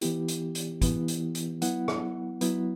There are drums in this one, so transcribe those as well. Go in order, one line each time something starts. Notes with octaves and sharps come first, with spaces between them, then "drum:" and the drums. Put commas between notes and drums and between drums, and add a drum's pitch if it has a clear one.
E3 B3 E4 G4, drum: hi-hat
drum: hi-hat
drum: hi-hat
E3 B3 E4, drum: kick, hi-hat
drum: hi-hat
drum: hi-hat
F#3 B3 E4 F#5, drum: hi-hat
drum: rim click
F#3 B3 E4, drum: hi-hat